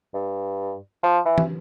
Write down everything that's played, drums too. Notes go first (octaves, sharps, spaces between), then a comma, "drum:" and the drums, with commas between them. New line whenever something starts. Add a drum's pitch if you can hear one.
G2
F3
E3
drum: tom